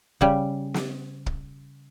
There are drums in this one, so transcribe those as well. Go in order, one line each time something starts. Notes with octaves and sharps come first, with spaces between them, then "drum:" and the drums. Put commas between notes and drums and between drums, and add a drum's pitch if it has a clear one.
C#3 G3, drum: kick
drum: snare
drum: kick